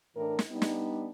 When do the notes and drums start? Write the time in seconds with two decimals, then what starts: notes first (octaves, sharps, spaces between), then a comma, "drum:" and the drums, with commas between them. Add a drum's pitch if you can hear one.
0.16 A2 E3 D4 A#4
0.39 drum: snare
0.51 G3 B3 D4 D#4
0.62 drum: snare